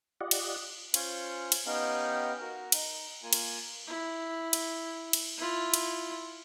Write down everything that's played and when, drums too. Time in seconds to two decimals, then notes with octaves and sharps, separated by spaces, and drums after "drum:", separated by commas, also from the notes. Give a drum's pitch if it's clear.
0.21 F4 G4 D5 D#5 F#5
0.31 drum: cymbal
0.94 C#4 F4 C5 C#5, drum: cymbal
1.52 drum: cymbal
1.66 B3 C#4 D#4 G4 F5 G5
2.41 F#4 A#4
2.72 D#4, drum: cymbal
3.23 A#3 F4 G#5
3.33 drum: cymbal
3.87 E4
4.53 drum: cymbal
5.13 drum: cymbal
5.38 E4 F4
5.74 drum: cymbal